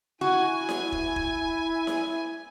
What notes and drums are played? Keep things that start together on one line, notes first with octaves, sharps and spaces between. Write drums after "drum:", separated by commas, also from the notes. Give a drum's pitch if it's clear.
E4 F#4 G#5
drum: snare E4
drum: kick
drum: kick
drum: snare E4